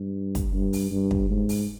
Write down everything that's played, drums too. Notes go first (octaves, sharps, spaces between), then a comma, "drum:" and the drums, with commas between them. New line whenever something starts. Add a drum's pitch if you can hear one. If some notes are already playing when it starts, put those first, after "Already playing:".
Already playing: G2
drum: kick, hi-hat
G2
drum: open hi-hat
G2
drum: kick
G#2
drum: open hi-hat